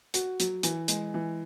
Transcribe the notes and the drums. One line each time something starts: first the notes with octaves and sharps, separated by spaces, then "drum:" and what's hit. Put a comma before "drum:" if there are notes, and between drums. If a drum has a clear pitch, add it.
F#4, drum: hi-hat
F#3, drum: hi-hat
E3, drum: hi-hat
G#3, drum: hi-hat
E3